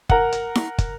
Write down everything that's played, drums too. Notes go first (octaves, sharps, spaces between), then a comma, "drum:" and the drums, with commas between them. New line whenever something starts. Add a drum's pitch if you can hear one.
A#4 F#5, drum: kick
drum: hi-hat
drum: snare E4
drum: kick, hi-hat